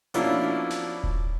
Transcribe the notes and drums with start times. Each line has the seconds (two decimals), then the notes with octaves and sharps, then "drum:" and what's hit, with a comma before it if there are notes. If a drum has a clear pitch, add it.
0.14 B2 F3 A#3 C#4 D4 E4, drum: hi-hat
0.70 drum: snare
1.04 drum: kick D#1